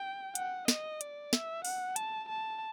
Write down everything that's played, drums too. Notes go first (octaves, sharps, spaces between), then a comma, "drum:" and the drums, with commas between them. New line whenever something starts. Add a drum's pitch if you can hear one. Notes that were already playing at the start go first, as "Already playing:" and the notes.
Already playing: G5
F#5, drum: hi-hat
D#5, drum: snare
D5, drum: hi-hat
E5, drum: snare
F#5, drum: open hi-hat
A5, drum: hi-hat
A5